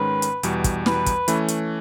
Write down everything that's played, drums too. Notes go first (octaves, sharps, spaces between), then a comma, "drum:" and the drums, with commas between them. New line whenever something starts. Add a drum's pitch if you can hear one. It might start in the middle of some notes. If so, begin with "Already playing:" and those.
Already playing: G#2 D#3 G#3 C#4 B4
drum: hi-hat
E2 B2 G3, drum: hi-hat
drum: kick, hi-hat
B4, drum: snare
drum: kick, hi-hat
E3 A3 C#4, drum: hi-hat
drum: hi-hat